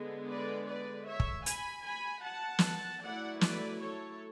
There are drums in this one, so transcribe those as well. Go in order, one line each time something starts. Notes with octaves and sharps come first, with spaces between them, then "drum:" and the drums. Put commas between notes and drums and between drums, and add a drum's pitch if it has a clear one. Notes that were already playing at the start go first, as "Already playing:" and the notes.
Already playing: D3 G#3 B3
B4 D5
B4 D5
C#5 E5
drum: kick
G#5 B5, drum: hi-hat
G#5 B5
F#5 A5
drum: snare
F#3 A3 E4 D5 F#5
B4 D5, drum: snare
A4 C#5